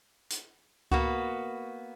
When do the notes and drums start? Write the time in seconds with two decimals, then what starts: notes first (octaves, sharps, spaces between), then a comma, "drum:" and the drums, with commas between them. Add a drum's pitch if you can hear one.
0.30 drum: hi-hat
0.91 A#3 B3 F#4, drum: kick C#2